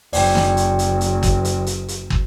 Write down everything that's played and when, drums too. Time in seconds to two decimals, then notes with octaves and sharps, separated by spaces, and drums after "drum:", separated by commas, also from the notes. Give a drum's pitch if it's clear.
0.13 F#1 D5 G5, drum: open hi-hat
0.35 drum: snare
0.57 drum: hi-hat
0.79 drum: hi-hat
1.01 drum: hi-hat
1.23 drum: kick, hi-hat
1.45 drum: hi-hat
1.67 drum: hi-hat
1.88 drum: hi-hat
2.10 drum: kick